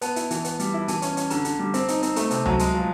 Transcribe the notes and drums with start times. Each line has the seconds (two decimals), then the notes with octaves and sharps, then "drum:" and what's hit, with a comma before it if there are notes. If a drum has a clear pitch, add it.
0.01 B3 A5, drum: hi-hat
0.16 E4, drum: hi-hat
0.31 E3, drum: hi-hat
0.44 B3, drum: hi-hat
0.59 G3, drum: hi-hat
0.74 E4
0.88 E3 A5, drum: hi-hat
1.02 C#4, drum: hi-hat
1.17 C#4, drum: hi-hat
1.30 D3 A#5, drum: hi-hat
1.45 D3, drum: hi-hat
1.59 G3
1.74 C4, drum: hi-hat
1.88 D#4, drum: hi-hat
2.03 C4, drum: hi-hat
2.16 A3 A#5, drum: hi-hat
2.30 C3 A5, drum: hi-hat
2.45 F#3 A5, drum: tom C#2
2.59 G#3 A5, drum: hi-hat
2.74 F3